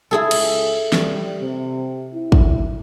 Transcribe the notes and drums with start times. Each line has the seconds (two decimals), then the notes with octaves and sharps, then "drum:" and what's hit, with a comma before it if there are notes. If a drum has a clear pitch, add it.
0.11 C#2 E4 G#4 A4
0.31 drum: cymbal
0.92 G3, drum: snare
1.42 C3
2.14 E4
2.32 drum: kick